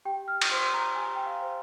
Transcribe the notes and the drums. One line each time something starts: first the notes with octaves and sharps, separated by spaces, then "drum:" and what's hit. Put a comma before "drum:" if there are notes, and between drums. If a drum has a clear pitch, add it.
G4 G5
F6
drum: cymbal
C5 C6
A#5
G4 G#5
G5
F5
C5